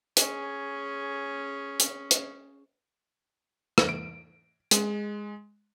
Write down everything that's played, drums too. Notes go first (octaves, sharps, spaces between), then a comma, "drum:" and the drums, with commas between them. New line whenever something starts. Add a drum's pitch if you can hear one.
C#4 G#4, drum: hi-hat
drum: hi-hat
drum: hi-hat
drum: rim click
D7
G#3, drum: hi-hat